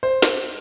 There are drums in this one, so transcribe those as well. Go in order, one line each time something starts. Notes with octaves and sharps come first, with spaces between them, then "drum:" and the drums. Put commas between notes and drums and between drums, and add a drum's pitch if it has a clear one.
C5
drum: snare